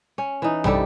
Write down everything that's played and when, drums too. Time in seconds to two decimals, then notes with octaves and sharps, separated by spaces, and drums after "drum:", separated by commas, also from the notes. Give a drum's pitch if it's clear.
0.18 C#4
0.42 E3 D#4
0.64 G2 C3 G3 A4, drum: tom